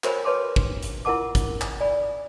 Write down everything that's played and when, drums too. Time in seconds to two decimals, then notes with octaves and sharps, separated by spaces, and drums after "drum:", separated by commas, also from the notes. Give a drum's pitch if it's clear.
0.04 F#4 A#4 C5 C#5 G#5 B5, drum: clap
0.25 B4 C#5 G#5 A5 C6 D6
0.56 drum: kick
0.83 drum: hi-hat
1.05 E4 F4 A#4 F#5 A5 D6
1.35 drum: kick, hi-hat
1.61 drum: clap
1.80 D5 G#5 B5